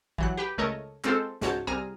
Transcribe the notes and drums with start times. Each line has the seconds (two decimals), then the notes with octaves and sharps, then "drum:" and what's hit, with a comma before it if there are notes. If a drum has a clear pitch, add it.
0.18 E3 F#3 F#6, drum: kick
0.37 G4 B4 G5
0.58 C#2 A3 A#4 C#5 D#5 A5
1.04 G#3 C4 F4 A4 C5, drum: clap
1.41 C#2 G#2 F#4 C#5 A5 G6, drum: snare
1.67 C2 C3 G#4 A#5 F6 D#7